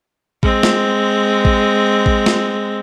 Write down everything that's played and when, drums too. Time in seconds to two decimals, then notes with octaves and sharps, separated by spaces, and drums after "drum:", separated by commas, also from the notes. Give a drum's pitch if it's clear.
0.43 G#3 C4, drum: kick A1
0.63 drum: snare
1.45 drum: kick A1
2.06 drum: kick A1
2.26 drum: snare